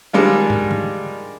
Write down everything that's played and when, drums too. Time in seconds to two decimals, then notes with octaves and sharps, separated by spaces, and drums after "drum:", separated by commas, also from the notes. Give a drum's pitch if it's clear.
0.13 D#3 G3 G#3 D4 F4
0.50 drum: tom
0.71 drum: tom D3